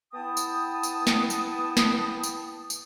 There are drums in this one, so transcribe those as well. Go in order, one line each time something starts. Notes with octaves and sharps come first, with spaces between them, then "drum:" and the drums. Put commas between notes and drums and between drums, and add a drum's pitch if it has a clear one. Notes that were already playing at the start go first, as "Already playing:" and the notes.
B3 E4 G5 A5 D#6
drum: tambourine
drum: tambourine
drum: snare
drum: tambourine
drum: snare
drum: tambourine
drum: tambourine